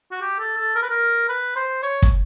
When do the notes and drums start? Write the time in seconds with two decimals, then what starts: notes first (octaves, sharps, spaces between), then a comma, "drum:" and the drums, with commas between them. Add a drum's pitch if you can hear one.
0.11 F#4
0.21 G4
0.39 A4
0.57 A4
0.76 A#4
0.82 B4
0.90 A#4
1.29 B4
1.56 C5
1.83 C#5
2.02 drum: kick